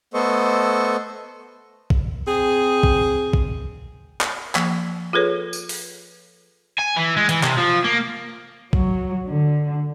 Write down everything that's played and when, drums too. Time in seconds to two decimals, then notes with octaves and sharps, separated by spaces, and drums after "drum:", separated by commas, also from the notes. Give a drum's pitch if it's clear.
0.14 A3 B3 A4 C5 D#5 C#6
1.90 drum: kick A#1
2.28 C4 G#4
2.83 drum: kick A#1
3.33 drum: kick A#1
4.21 drum: clap
4.55 F3 A#3, drum: clap
5.13 F4 G#4 A4 B4 C#5
5.53 drum: tambourine
5.69 drum: open hi-hat
6.78 G#5
6.96 E3
7.17 G#3
7.29 E3, drum: hi-hat
7.43 C3, drum: clap
7.57 F3
7.84 A#3
8.73 F#3, drum: kick A#1
9.28 D3